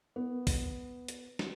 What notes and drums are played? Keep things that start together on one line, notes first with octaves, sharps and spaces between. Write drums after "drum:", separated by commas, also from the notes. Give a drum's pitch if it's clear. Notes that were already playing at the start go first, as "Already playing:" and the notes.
B3
drum: kick, open hi-hat
drum: hi-hat
drum: snare